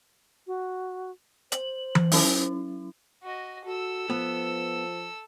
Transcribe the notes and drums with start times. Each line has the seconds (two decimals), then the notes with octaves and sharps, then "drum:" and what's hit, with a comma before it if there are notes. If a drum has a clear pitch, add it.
0.47 F#4
1.52 C5 F#7, drum: hi-hat
1.95 drum: tom E3
2.12 F#3 C#4 E4, drum: open hi-hat
3.23 F#4 D#5
3.66 F#4 A4 E6
4.10 F3 B3